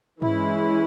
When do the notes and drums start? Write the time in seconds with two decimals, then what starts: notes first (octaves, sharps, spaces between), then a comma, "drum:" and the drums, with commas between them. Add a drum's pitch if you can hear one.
0.22 E3 G#3 C#4 E4, drum: tom